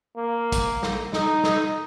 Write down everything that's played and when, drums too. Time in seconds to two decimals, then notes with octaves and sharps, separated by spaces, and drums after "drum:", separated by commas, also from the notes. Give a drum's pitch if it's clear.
0.17 A#3
0.52 drum: kick, hi-hat
0.83 drum: snare
1.13 D#4, drum: snare
1.44 drum: snare